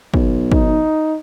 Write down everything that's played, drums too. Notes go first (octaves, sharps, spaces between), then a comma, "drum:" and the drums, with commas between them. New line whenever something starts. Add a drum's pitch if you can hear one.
B1, drum: kick
D#4, drum: kick